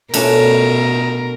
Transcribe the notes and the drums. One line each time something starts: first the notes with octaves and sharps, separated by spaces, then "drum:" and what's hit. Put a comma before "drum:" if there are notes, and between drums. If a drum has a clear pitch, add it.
B2 A3 C#4 D4 A#4, drum: cymbal